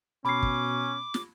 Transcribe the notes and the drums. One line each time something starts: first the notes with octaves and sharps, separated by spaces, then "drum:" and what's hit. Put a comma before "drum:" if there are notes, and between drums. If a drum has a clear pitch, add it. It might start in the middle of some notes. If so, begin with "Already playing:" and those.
B2 C#4 B5 D6 C7
drum: kick
drum: snare